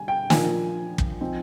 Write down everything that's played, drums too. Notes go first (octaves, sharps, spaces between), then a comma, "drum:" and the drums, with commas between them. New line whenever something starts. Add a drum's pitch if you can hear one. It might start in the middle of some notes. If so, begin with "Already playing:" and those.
Already playing: D3 G3 G#5
G5
A#2 F3 A#3 D4 G#5, drum: snare
drum: kick
F3 C4 D#4